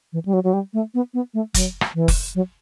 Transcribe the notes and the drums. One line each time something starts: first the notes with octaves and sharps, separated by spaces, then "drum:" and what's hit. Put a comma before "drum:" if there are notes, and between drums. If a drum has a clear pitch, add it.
E3
G3
F#3
F#3
G3
A3
B3
B3
A3
F#3, drum: kick F1, hi-hat
drum: rim click
E3
drum: kick F1, open hi-hat
F#3